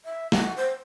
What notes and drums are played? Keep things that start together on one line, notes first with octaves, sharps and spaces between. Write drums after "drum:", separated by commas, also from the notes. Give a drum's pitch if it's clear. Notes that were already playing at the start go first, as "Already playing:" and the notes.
E5
F#5, drum: snare
C5